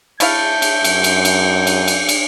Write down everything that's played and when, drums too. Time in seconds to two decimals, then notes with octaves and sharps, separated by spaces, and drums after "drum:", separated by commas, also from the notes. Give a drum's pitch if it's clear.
0.20 A3 E4 F5 G6, drum: cymbal
0.62 drum: cymbal
0.84 F#2, drum: cymbal
1.04 drum: cymbal
1.25 drum: cymbal
1.67 drum: cymbal
1.88 drum: cymbal
2.09 drum: cymbal